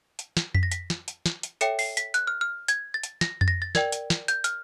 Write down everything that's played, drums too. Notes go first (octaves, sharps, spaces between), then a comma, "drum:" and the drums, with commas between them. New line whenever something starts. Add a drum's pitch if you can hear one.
drum: hi-hat
drum: snare
B6, drum: tom F2
A#6
B6, drum: hi-hat
drum: snare
drum: hi-hat
drum: snare
drum: hi-hat
A4 C#5 E5 G5 C#7, drum: hi-hat
C7, drum: open hi-hat
B6, drum: hi-hat
F#6, drum: hi-hat
F6
F6
G#6, drum: hi-hat
A6
drum: hi-hat
A#6, drum: snare
A6, drum: tom F2
A#6
A6
A#4 D5 G5 G#6, drum: snare
drum: hi-hat
drum: snare
G6, drum: hi-hat
F6, drum: hi-hat